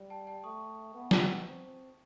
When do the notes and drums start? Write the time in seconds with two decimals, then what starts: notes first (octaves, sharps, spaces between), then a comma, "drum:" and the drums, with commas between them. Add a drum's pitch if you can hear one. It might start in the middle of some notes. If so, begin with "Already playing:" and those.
Already playing: G3
0.10 G5 A5
0.27 G5 A5
0.44 A3 C#6 D#6
0.94 B3
1.11 drum: snare
1.45 C4